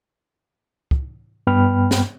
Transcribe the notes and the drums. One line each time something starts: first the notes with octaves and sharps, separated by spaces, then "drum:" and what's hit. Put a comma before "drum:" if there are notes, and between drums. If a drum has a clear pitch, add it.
drum: kick
G2 B3 G5 B5 F6
drum: snare